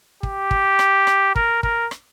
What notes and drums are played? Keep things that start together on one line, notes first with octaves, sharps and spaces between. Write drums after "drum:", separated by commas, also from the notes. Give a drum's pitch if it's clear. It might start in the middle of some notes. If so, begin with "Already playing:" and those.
G4, drum: kick
drum: kick
drum: rim click
drum: rim click
A#4, drum: kick
A#4, drum: kick
drum: rim click